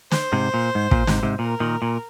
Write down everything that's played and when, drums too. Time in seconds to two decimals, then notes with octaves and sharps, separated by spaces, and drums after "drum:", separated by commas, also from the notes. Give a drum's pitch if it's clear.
0.11 C5, drum: snare
0.33 G#2 C3
0.54 A#2
0.75 G#2
0.91 A#2, drum: kick
1.07 G#2 C3, drum: snare
1.23 G#2 C3
1.39 A#2 A#4
1.60 A#2 D#3
1.82 A#2